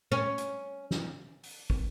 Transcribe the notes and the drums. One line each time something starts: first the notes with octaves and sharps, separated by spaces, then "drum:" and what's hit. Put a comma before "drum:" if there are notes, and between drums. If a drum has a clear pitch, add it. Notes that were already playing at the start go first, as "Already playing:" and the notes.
C#4
drum: hi-hat
drum: snare
drum: open hi-hat
drum: kick